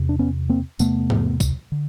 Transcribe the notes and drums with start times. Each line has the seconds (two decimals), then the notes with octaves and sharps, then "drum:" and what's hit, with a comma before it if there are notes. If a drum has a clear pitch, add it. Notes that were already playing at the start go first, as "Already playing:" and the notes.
Already playing: E2 C3
0.09 D4
0.19 B3 C#4
0.49 A#3 C4
0.79 E2 C3 A3 B3, drum: tambourine
1.10 drum: tom G#2
1.40 drum: kick C#2, tambourine
1.72 D3